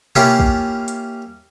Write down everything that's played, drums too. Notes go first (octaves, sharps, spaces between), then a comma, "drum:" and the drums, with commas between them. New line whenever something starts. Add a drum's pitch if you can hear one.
A#3 C#4 E4 F4 G4 G#5, drum: tom B2
drum: kick
drum: hi-hat